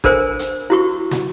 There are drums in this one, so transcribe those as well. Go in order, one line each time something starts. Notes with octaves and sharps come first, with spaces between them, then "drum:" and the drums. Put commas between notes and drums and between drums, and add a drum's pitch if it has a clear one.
D4 A4 A#4 C5 G#5, drum: kick G#1
drum: hi-hat
E4 F#4 C#6
drum: snare